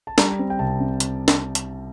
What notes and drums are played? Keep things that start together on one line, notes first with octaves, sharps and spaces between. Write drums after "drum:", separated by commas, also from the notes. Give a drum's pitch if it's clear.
A5
G3 A#5, drum: snare
C4
G5
C2 A5
C3
drum: hi-hat
drum: snare
drum: hi-hat